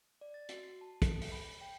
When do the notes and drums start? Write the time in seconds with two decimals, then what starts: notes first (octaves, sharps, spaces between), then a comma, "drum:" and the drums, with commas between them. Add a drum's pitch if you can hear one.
0.21 D5
0.34 A6
0.49 F#4, drum: hi-hat
0.63 C7
0.81 A5
1.02 A4, drum: kick, hi-hat
1.22 drum: open hi-hat
1.32 B5
1.61 G5